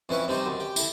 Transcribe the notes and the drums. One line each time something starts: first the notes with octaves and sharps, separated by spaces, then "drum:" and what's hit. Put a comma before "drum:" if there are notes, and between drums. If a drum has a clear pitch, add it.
F2 E3 C#4 B4 C#6
C3 G3 D#4 C5 C#6
F#2
G4
E4 A4, drum: tambourine